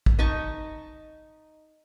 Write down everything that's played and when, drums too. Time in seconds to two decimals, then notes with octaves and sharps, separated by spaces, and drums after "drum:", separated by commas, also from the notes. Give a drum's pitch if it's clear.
0.06 drum: kick
0.19 D#4 D#5 A5 C#6